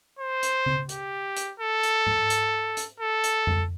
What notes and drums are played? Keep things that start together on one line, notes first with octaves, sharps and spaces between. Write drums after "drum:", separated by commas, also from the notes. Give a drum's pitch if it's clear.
C5
drum: hi-hat
drum: tom C#3
G4, drum: hi-hat
drum: hi-hat
A4
drum: hi-hat
drum: tom G#2
drum: hi-hat
drum: hi-hat
A4
drum: hi-hat
drum: tom F2